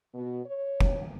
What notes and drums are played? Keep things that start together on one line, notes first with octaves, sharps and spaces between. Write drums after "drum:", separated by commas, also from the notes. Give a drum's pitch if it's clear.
B2
C#5
drum: kick